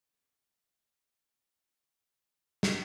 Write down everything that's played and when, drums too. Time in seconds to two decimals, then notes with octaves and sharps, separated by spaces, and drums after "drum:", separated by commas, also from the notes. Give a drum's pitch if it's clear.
0.13 F2 A4 C#5 D5 F#6
2.63 drum: snare